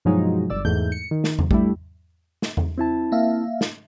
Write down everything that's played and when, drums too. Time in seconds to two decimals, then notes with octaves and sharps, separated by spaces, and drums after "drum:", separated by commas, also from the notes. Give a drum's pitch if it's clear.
0.05 G2 B2 F3 F#3 G#3 D#4
0.50 G1 D5 E6
0.65 E2 G#2 A3 G6
0.92 C#7
1.11 D#3
1.24 drum: snare
1.39 drum: tom E2
1.51 G3 A3 D4 E4, drum: kick
2.42 drum: snare
2.57 drum: tom E2
2.78 C4 E4 A5
3.12 A#3 E5 F5
3.61 drum: snare